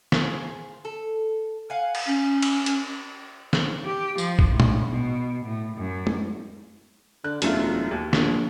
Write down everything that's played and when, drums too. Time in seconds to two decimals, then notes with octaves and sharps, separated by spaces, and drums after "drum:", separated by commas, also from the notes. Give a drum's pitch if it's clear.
0.12 G#4 C5, drum: snare
0.85 A4
1.70 F5 F#5 G#5
1.95 drum: cymbal
2.06 C#4
2.42 drum: cymbal
2.66 drum: hi-hat
3.53 drum: snare
3.85 G4
4.18 F3, drum: tambourine
4.39 drum: kick A#1
4.50 A2
4.60 drum: tom
4.91 B2
5.45 A2
5.77 F#2
6.07 drum: tom
7.24 D3 F#6
7.42 E1 F#2 A3 F4, drum: hi-hat
7.91 D#2
8.13 A#1, drum: snare